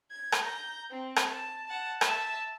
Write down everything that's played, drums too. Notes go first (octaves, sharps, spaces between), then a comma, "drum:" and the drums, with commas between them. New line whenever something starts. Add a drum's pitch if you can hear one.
G#6
drum: rim click
A#5 G6
C4
drum: rim click
A5
F#5 A5
E5 A5, drum: rim click